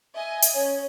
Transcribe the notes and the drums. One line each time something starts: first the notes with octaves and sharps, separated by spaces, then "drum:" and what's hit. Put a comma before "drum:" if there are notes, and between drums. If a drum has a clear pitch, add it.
D#5 E5 G#5
drum: hi-hat
C#4 C#5